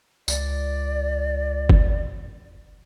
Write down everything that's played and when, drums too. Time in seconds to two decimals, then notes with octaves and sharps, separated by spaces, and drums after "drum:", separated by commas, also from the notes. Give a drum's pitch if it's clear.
0.28 C#2 D5, drum: tambourine
1.70 drum: kick G1